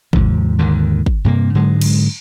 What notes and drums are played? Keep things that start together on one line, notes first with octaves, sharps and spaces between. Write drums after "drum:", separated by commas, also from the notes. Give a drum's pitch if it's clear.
D#2 G#2 C3 F3, drum: kick
D#2 G#2 D3 D#3
drum: kick
G2 C3 A#3
G#2 D3 F#3 G#3
drum: cymbal